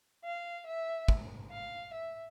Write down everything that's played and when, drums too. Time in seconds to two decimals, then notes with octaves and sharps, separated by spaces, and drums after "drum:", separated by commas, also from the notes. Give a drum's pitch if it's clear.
0.24 F5
0.67 E5
1.08 drum: kick
1.51 F5
1.93 E5